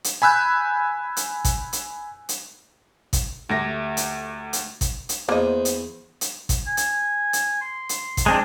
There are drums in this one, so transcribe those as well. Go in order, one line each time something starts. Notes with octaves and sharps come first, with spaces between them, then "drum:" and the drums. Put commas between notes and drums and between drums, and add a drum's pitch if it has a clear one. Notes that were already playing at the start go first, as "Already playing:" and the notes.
drum: hi-hat
G#5 B5 E6 F#6 G6
drum: hi-hat
drum: kick G#1, hi-hat
drum: hi-hat
drum: hi-hat
drum: kick G#1, hi-hat
D2 A3 G4 A#4 E5 A#6
drum: hi-hat
drum: hi-hat
drum: kick G#1, hi-hat
drum: hi-hat
E2 A#3 C5 D#5
drum: hi-hat
drum: hi-hat
drum: kick G#1, hi-hat
G#5
drum: hi-hat
drum: hi-hat
C6
drum: hi-hat
drum: kick G#1, hi-hat
G#3 C4 D4